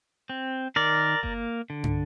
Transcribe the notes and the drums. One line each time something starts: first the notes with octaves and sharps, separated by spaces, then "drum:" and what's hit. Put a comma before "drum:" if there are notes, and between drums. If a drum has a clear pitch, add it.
C4
D#3 A#4 D5
A#3, drum: kick F#1
D3
drum: tom